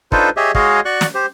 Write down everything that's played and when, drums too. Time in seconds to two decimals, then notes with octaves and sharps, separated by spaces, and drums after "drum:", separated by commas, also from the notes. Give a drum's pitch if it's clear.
0.12 D4 D#4 F4 A4 B4 C5, drum: kick
0.37 G4 G#4 C#5 D#5 E5
0.55 G#3 F#4 G#4 C#5 D#5 F5, drum: kick
0.85 F#4 D5 C#6 F#6
1.01 drum: snare
1.15 G4 C5